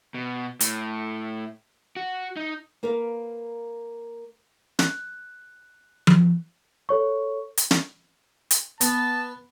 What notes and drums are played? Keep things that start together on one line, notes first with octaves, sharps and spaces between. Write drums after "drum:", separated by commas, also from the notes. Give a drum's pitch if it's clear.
B2
A2, drum: hi-hat
F#4
D#4
A#3 A#4 B4 F5
F#6, drum: snare
drum: tom F3
A4 C#5 C#6
drum: hi-hat
drum: snare
drum: hi-hat
B3 A5, drum: hi-hat